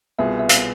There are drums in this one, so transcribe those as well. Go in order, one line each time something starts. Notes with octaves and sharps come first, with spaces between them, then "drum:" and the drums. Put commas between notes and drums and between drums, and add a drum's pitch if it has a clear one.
C2 B2 B3 F4 G#4 E5
E5
F5, drum: hi-hat